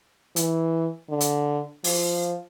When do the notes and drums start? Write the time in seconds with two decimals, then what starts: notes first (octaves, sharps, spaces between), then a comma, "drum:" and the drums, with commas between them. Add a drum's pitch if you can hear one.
0.36 E3, drum: hi-hat
1.10 D3
1.21 drum: hi-hat
1.84 F3, drum: open hi-hat